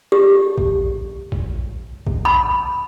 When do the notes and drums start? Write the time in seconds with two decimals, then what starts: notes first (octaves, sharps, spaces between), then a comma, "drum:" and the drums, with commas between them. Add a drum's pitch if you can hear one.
0.12 G4
0.58 drum: kick A#1
1.32 drum: kick A#1
2.07 drum: kick A#1
2.25 B5